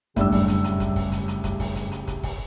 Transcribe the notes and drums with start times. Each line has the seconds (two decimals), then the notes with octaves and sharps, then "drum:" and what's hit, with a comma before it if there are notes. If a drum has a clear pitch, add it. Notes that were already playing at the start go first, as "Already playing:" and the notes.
0.16 F#2 A2 C#3 G3 D4 G4 E6, drum: kick, hi-hat
0.32 drum: kick, open hi-hat
0.48 drum: hi-hat
0.64 drum: hi-hat
0.80 drum: kick, hi-hat
0.96 drum: kick, open hi-hat
1.12 drum: hi-hat
1.28 drum: hi-hat
1.44 drum: kick, hi-hat
1.60 drum: kick, open hi-hat
1.76 drum: hi-hat
1.92 drum: hi-hat
2.07 drum: kick, hi-hat
2.23 drum: kick, open hi-hat